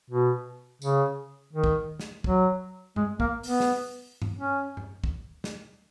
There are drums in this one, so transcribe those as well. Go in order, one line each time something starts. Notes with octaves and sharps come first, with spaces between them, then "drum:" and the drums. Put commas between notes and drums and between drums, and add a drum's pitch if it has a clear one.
B2
C#3, drum: tambourine
D#3
drum: kick
drum: snare
F#3, drum: kick
G#3, drum: tom G2
A#3, drum: kick
B3, drum: open hi-hat
drum: snare
drum: tom G2
C#4
drum: tom G2
drum: kick
drum: snare